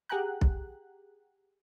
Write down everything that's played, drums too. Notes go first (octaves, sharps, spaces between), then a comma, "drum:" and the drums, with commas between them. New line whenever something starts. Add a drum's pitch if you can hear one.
G4 G#4 F#5 G5 A#5 F#6
drum: kick B1